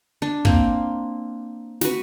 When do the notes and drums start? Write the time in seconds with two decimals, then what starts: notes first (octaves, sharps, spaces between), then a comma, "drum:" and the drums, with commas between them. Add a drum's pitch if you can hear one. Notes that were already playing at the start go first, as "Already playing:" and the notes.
0.22 D4
0.45 A#3 C4, drum: kick
1.81 F#4 B4, drum: snare